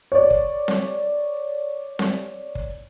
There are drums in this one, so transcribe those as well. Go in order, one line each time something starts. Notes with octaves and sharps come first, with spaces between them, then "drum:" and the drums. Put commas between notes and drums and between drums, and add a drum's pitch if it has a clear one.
C#5 D5
drum: kick
drum: snare C4
drum: snare C4
drum: kick